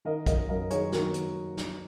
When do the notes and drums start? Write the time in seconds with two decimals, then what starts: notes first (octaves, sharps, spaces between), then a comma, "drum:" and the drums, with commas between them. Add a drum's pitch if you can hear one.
0.05 D#3 A#4 D#5
0.26 F#2 A#4 D#5, drum: kick, hi-hat
0.49 F#2 A#4 D#5
0.70 D#3 G#4 C#5, drum: hi-hat
0.92 D#3 F#4 A#4, drum: snare
1.14 drum: hi-hat
1.57 drum: snare